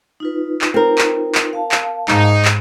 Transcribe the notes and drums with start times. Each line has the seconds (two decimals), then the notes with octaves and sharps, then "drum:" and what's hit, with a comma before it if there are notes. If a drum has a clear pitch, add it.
0.20 D#4 F4 B4
0.61 drum: clap
0.74 C4 A#4
0.98 drum: clap
1.35 drum: clap
1.53 F5 A5
1.72 drum: clap
2.08 G#2 D#4, drum: clap
2.45 drum: clap